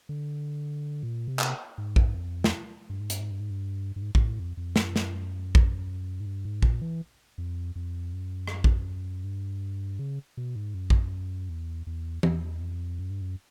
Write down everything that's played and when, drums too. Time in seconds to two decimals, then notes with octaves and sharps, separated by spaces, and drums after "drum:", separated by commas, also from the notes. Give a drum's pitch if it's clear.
0.09 D3
1.03 A#2
1.28 C3
1.39 drum: clap
1.78 G#2
1.96 drum: kick A#1
2.15 F2
2.44 drum: snare
2.90 G2
3.00 G#2
3.10 G2, drum: hi-hat
3.20 G#2
3.31 G2
3.40 G#2
3.50 G2
3.96 G2
4.02 G#2
4.15 G#2, drum: kick A#1
4.20 A2
4.39 F2
4.57 F2
4.76 F#2, drum: snare
4.96 drum: snare
5.55 drum: kick A#1
6.20 G#2
6.26 G2
6.45 G#2
6.62 A#2, drum: kick A#1
6.82 E3
7.38 F2
7.76 F2
8.13 F#2
8.48 drum: rim click
8.64 drum: kick A#1
9.24 G2
9.99 C#3
10.37 B2
10.56 G#2
10.74 F#2
10.90 drum: kick A#1
11.49 E2
11.87 E2
12.23 E2, drum: tom E3
12.61 F2
12.99 F#2
13.10 G2
13.21 F#2